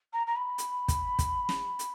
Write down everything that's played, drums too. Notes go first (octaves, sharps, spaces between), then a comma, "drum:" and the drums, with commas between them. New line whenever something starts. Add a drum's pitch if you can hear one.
A#5
A#5
B5
drum: hi-hat
drum: kick, hi-hat
drum: kick, hi-hat
drum: snare
drum: hi-hat